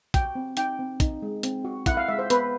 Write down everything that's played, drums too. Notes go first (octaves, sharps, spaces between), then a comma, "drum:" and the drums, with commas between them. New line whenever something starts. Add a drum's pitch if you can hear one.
F#4 G5, drum: kick, hi-hat
C4
D#4 G5, drum: hi-hat
C4
D#4, drum: kick, hi-hat
G#3
C4, drum: hi-hat
F#4
E4 F#5, drum: kick, hi-hat
F5
G#3 E5
C5
B3 B4, drum: hi-hat